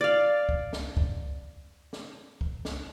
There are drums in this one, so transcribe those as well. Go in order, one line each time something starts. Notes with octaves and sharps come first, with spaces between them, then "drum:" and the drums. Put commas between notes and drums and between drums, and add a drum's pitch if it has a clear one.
D5 F5
drum: kick
drum: snare
drum: kick
drum: snare
drum: kick
drum: snare